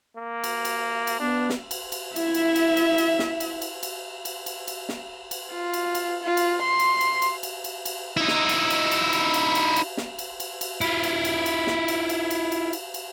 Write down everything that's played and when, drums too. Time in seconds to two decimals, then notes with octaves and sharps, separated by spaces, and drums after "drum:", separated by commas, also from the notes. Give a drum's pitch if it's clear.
0.16 A#3
0.44 drum: cymbal
0.65 drum: cymbal
1.07 drum: cymbal
1.20 B3 D4
1.50 drum: snare
1.71 drum: cymbal
1.92 drum: cymbal
2.16 E4 E5, drum: cymbal
2.34 drum: cymbal
2.56 drum: cymbal
2.77 drum: cymbal
2.98 drum: cymbal
3.19 drum: snare
3.40 drum: cymbal
3.62 drum: cymbal
3.83 drum: cymbal
4.25 drum: cymbal
4.46 drum: cymbal
4.68 drum: cymbal
4.89 drum: snare
5.31 drum: cymbal
5.52 F4
5.74 drum: cymbal
5.95 drum: cymbal
6.24 F4
6.37 drum: cymbal
6.62 C6
6.79 drum: cymbal
7.01 drum: cymbal
7.22 drum: cymbal
7.43 drum: cymbal
7.64 drum: cymbal
7.85 drum: cymbal
8.17 D#4 E4
8.28 drum: snare
8.49 drum: cymbal
8.70 drum: cymbal
8.91 drum: cymbal
9.13 drum: cymbal
9.34 drum: cymbal
9.55 drum: cymbal
9.76 drum: cymbal
9.97 drum: snare
10.19 drum: cymbal
10.40 drum: cymbal
10.61 drum: cymbal
10.81 E4 F4, drum: cymbal
11.03 drum: cymbal
11.25 drum: cymbal
11.46 drum: cymbal
11.67 drum: snare
11.88 drum: cymbal
12.09 drum: cymbal
12.31 drum: cymbal
12.52 drum: cymbal
12.73 drum: cymbal
12.94 drum: cymbal